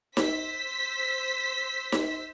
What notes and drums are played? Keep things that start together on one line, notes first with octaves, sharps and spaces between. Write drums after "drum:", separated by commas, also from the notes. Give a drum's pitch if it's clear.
C5 E6 B6, drum: snare D#4
drum: snare D#4